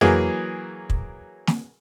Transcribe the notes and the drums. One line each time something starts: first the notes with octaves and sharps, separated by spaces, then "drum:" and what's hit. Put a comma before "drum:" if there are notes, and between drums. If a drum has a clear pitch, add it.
E3 F#3 A#3 G#4, drum: tom F2
drum: kick
drum: snare